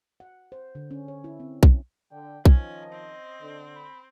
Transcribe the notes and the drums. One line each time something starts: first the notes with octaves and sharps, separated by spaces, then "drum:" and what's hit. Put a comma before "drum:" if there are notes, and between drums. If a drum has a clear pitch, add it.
F#5
C5
D3
C#4
C#5
E4
C4
C#4, drum: kick B1
D3 G5
D#3 F3 C#4 D#5, drum: kick B1
C4
D3
B5